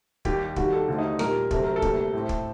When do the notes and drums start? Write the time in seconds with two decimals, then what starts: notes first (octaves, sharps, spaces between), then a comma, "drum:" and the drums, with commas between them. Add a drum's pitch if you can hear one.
0.25 D#2 D#3 G3 G4, drum: kick
0.56 D#2 D#3 G3 F#4, drum: kick
0.72 A4
0.88 D#2 D3 A3 C4 F#4
0.98 D#4
1.19 A#2 G3 A#3 A#4, drum: rim click
1.51 D2 C3 F#3 C4 A4, drum: kick
1.64 A#4
1.76 A4
1.82 D2 C3 G3 A#3, drum: kick
2.13 A2 A3 C4
2.29 drum: kick